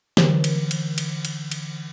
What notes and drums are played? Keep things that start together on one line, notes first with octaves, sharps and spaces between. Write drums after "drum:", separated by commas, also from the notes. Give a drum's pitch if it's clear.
D3 E3, drum: snare
drum: cymbal
drum: cymbal
drum: cymbal
drum: cymbal
drum: cymbal